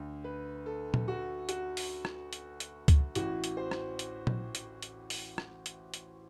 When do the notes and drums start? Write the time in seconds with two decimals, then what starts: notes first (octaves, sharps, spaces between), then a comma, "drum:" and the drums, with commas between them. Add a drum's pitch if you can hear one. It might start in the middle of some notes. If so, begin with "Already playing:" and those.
Already playing: D2 D3
0.24 B4
0.66 A4
0.94 drum: tom A#2
1.08 F#4
1.49 F#4, drum: hi-hat
1.77 drum: open hi-hat
2.05 drum: rim click
2.33 drum: hi-hat
2.60 drum: hi-hat
2.88 drum: kick C#2, hi-hat
3.15 A1 A2 E3 F#4, drum: hi-hat
3.44 drum: hi-hat
3.57 C5
3.71 drum: rim click
3.99 drum: hi-hat
4.27 drum: tom A#2
4.55 drum: hi-hat
4.82 drum: hi-hat
5.10 drum: open hi-hat
5.38 drum: rim click
5.66 drum: hi-hat
5.94 drum: hi-hat